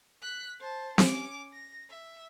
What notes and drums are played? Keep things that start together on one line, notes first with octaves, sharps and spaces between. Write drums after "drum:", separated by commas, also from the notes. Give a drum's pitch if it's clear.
F#6 B6
C5 A5
C#4 D6, drum: snare C4
A#6
E5